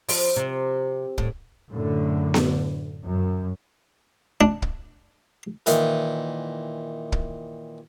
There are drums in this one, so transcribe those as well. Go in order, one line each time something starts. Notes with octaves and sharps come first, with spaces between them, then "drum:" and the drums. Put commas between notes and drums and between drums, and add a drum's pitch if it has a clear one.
F3, drum: open hi-hat
C3
A2, drum: kick
F#2 A2 D3
drum: snare B3
F#2
D4
drum: kick
A#2 D#3 E3, drum: hi-hat
drum: kick